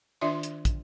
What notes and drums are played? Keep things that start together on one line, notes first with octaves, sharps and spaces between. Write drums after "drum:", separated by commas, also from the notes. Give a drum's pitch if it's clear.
D#3 D4 F4 D5 E5 C6
drum: hi-hat
drum: kick, hi-hat